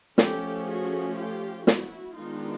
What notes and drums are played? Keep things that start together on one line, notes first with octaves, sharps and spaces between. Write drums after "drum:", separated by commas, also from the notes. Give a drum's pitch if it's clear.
F3 A3 C#4 G4 A4, drum: snare
F#4 G#4
F4 G4
E4 F#4, drum: snare
D#3 G#3 B3 D4 D#4 F4